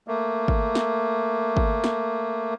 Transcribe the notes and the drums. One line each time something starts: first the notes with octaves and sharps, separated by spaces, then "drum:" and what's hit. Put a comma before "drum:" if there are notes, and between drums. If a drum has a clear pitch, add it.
A3 A#3
drum: kick G#1
drum: snare
drum: kick G#1
drum: snare